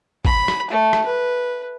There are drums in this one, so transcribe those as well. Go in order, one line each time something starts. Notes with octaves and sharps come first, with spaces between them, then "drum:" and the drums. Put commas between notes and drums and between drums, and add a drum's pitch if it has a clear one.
B5, drum: kick G#1
drum: rim click
A3
drum: rim click
B4